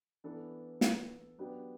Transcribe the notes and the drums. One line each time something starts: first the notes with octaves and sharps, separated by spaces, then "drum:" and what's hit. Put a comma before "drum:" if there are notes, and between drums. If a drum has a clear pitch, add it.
E3 B3 D4 A4
drum: snare
F#3 B3 D4 G4